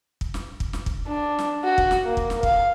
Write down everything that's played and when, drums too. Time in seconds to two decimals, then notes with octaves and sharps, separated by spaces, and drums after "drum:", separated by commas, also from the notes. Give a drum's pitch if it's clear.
0.21 drum: kick
0.34 drum: snare
0.60 drum: kick
0.73 drum: snare
0.86 drum: kick
1.08 D4
1.39 drum: snare
1.64 F#4
1.78 drum: kick
1.91 drum: snare
2.04 A#3
2.17 drum: kick
2.30 drum: snare
2.43 F5, drum: kick